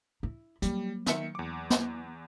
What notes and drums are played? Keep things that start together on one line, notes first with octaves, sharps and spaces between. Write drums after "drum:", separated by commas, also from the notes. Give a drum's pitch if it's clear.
E4
F#3 G3 A#3, drum: hi-hat
D#3 E5 C#7, drum: snare
E2 D6
drum: snare